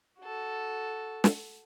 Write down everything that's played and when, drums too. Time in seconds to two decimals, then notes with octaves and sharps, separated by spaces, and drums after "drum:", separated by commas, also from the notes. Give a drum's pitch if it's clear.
0.20 F#4 A4
1.24 drum: snare